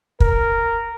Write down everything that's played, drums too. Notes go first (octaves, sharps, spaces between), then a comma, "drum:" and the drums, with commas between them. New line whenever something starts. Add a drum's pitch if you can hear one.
A#4, drum: kick